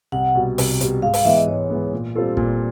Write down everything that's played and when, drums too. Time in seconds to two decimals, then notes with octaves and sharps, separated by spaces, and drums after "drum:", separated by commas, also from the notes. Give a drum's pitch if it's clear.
0.12 C2 F#5
0.35 B2 G3
0.58 C2, drum: open hi-hat
0.81 B2 G3, drum: hi-hat
1.02 G#2 F5
1.14 F5, drum: open hi-hat
1.25 E3 G#3 B3 E5
1.36 D#5
1.48 G#2 C#5
1.70 E3 G#3 B3
1.93 A#2
2.15 G3 C4 F4 A4
2.37 A#2, drum: kick